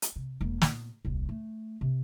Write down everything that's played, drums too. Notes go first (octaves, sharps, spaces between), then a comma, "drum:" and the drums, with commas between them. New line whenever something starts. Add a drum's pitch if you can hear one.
drum: hi-hat
C3
E1 A#3
A#2 B3, drum: snare
D#1 C2
A3
C3